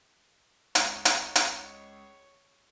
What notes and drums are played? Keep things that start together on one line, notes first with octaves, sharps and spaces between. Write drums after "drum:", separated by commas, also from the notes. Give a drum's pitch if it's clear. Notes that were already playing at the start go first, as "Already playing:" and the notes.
C#2 C#5, drum: hi-hat
drum: hi-hat
drum: hi-hat